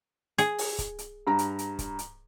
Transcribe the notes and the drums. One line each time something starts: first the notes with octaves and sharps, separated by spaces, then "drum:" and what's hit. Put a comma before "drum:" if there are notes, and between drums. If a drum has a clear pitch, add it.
G#4, drum: hi-hat
drum: open hi-hat
drum: kick, hi-hat
drum: hi-hat
G2 A#5
drum: hi-hat
drum: hi-hat
drum: kick, hi-hat
drum: hi-hat